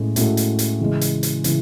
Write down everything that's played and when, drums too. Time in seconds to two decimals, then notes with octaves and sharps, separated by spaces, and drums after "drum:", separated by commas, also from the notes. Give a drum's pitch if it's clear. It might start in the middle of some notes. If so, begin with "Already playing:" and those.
Already playing: A2 G#3 C#4 A4
0.16 A2 G#3 C#4 F#4 A4, drum: hi-hat
0.37 drum: hi-hat
0.59 drum: hi-hat
0.80 C#3 E3 G#3
1.01 drum: hi-hat
1.23 drum: hi-hat
1.44 C#3 E3, drum: hi-hat